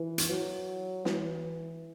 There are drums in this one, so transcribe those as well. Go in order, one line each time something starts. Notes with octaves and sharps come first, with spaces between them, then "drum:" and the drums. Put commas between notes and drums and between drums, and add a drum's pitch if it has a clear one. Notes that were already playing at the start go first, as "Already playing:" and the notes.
Already playing: E3
drum: hi-hat
F#3
E3, drum: snare